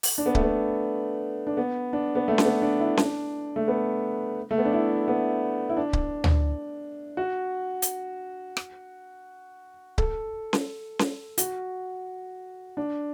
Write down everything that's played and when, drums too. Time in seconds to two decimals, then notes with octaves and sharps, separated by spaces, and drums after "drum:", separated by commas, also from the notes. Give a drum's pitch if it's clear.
0.03 drum: open hi-hat
0.18 D4
0.26 B3
0.35 A3, drum: kick C#1
0.42 B3
1.47 D4
1.57 B3
1.93 D4
2.15 B3
2.28 A3
2.38 D4, drum: snare C#4
2.45 B3
2.62 D4
2.80 E4
2.97 D4, drum: snare C#4
3.56 A3
3.68 B3
4.51 A3
4.58 B3
4.65 D4
4.73 E4
5.08 B3
5.70 E4
5.77 D4
5.93 drum: kick C#1
6.24 drum: tom
7.17 F#4
7.82 drum: hi-hat
8.57 drum: rim click
9.98 A4, drum: kick C#1
10.53 drum: snare C#4
10.99 drum: snare C#4
11.38 F#4, drum: hi-hat
12.77 D4